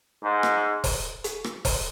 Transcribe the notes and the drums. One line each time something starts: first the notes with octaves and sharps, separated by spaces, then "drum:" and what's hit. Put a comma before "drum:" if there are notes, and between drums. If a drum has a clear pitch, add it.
G#2
drum: rim click
drum: kick E1, open hi-hat
drum: hi-hat
drum: rim click
drum: kick E1, open hi-hat